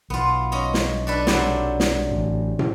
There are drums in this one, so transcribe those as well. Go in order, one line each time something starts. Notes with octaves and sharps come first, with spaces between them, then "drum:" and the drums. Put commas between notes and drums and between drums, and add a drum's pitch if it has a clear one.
B1 B3 F4
C#4 D#5 A#5
drum: snare
D4 A4 B4
C3 F#3 D4, drum: snare
drum: snare
A1 A2
drum: tom